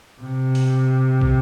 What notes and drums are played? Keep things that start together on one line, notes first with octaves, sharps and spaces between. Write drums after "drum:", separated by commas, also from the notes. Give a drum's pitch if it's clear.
C3
drum: open hi-hat
drum: kick